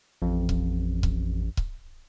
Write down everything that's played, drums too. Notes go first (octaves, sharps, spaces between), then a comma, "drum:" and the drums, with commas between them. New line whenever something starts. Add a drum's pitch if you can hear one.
A1 F2
drum: kick C#1
drum: kick C#1
drum: kick C#1